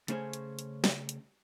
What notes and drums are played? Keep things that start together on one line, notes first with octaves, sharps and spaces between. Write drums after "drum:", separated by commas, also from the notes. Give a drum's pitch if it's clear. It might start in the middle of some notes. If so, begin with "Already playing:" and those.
C#3 A3 C#4 G#4 C5 C#5, drum: hi-hat
drum: hi-hat
drum: hi-hat
drum: snare
drum: hi-hat